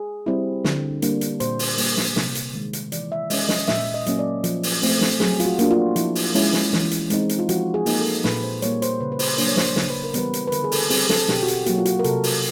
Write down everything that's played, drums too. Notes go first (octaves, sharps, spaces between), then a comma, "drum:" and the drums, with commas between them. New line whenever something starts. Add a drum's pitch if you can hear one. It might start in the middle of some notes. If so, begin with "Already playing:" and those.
Already playing: G#4
G3 C4 E4
D3, drum: snare
G3 A#3 D4, drum: hi-hat
drum: hi-hat
A#2 C5, drum: hi-hat
drum: open hi-hat
G3 A#3, drum: open hi-hat
drum: snare
C3, drum: snare
drum: hi-hat
D#3 G#3
drum: hi-hat
E3 D5, drum: hi-hat
E5
G#3 C#4 D#5, drum: open hi-hat
D#5, drum: snare
A#2 E5, drum: snare
D#5
F#3 A#3 C#4, drum: hi-hat
D5
F3, drum: hi-hat
drum: open hi-hat
A3 C4, drum: open hi-hat
drum: snare
F#3 G#4, drum: snare
F4, drum: hi-hat
F#4
A#3 D4 F#4, drum: hi-hat
F4
F3 E4, drum: hi-hat
drum: open hi-hat
G#3 C#4 E4, drum: open hi-hat
drum: snare
E3, drum: snare
drum: hi-hat
G#3 C4 D#4, drum: hi-hat
drum: hi-hat
F4
F3 F#4, drum: hi-hat
G#4
A#3 D#4, drum: open hi-hat
A4
A#2 B4, drum: snare
C5
G3 A#3 C#5, drum: hi-hat
C5, drum: hi-hat
C#3 B4
B4
C5, drum: open hi-hat
F#3 A#3 D4 C#5, drum: open hi-hat
C#5
C5, drum: snare
C#3 C5, drum: snare
B4
A#4
E3 G3 B3 B4, drum: hi-hat
drum: hi-hat
B4
D3 A#4, drum: hi-hat
G#4
A4, drum: open hi-hat
G3 C4 G#4, drum: open hi-hat
A4, drum: snare
B2 G4, drum: snare
F#4
G4, drum: hi-hat
F#3 A#3 F#4, drum: hi-hat
F4
F#4, drum: hi-hat
A#4
C3 A4, drum: hi-hat
drum: open hi-hat